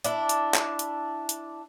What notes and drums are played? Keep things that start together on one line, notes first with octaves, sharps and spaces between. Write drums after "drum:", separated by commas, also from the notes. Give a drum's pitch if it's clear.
D4 E4, drum: hi-hat
drum: hi-hat
drum: clap
drum: hi-hat
drum: hi-hat